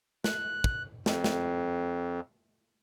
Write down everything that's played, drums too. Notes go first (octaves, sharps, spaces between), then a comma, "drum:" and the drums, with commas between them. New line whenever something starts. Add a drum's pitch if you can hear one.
F#6, drum: snare
drum: kick
F2, drum: snare
drum: snare